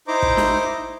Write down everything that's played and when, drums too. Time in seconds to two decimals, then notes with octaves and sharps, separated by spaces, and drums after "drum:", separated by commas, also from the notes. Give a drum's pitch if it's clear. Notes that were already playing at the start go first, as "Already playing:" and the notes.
0.08 D#4 E4 C5 A#5 D6
0.22 drum: kick
0.37 drum: snare